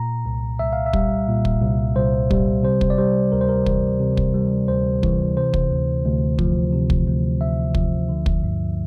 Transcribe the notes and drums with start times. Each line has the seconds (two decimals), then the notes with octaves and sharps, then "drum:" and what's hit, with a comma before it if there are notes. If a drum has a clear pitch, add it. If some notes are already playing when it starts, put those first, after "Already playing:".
Already playing: A#2 A#5
0.26 C2
0.59 C2 E5
0.73 F5
0.86 E5
0.93 G3, drum: kick
1.28 A#2
1.45 drum: kick
1.62 C2
1.95 C2 C5
2.31 G3, drum: kick
2.64 C3 C5
2.81 drum: kick
2.90 D5
2.98 G3 C5
3.32 D2 A#4
3.41 C5
3.49 A#4
3.66 E3, drum: kick
4.00 C3
4.17 drum: kick
4.34 G3
4.68 D2 C5
5.03 E3, drum: kick
5.37 C3 C5
5.54 drum: kick
5.70 D2
6.05 D2
6.39 F3, drum: kick
6.73 C3
6.90 drum: kick
7.07 D2
7.41 D2 E5
7.75 F3, drum: kick
8.09 D3
8.26 drum: kick
8.44 G2